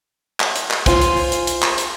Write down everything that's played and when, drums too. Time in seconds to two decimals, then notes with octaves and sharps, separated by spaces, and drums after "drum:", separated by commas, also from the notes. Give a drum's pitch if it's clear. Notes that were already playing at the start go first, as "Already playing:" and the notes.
0.40 drum: clap
0.56 drum: hi-hat
0.71 drum: clap
0.86 F4 C5 G#5, drum: kick, hi-hat
1.01 drum: hi-hat
1.17 drum: open hi-hat
1.32 drum: hi-hat
1.47 drum: hi-hat
1.63 drum: clap
1.78 drum: hi-hat